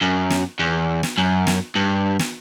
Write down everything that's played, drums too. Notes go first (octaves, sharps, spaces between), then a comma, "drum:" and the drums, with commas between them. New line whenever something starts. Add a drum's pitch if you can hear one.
F#2
drum: snare
E2
drum: snare
F#2
drum: snare
G2
drum: snare